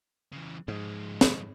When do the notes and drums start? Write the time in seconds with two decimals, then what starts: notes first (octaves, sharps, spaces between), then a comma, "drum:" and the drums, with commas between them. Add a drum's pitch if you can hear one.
0.32 C#3 E3
0.68 G#2 F3 G#3
1.21 drum: snare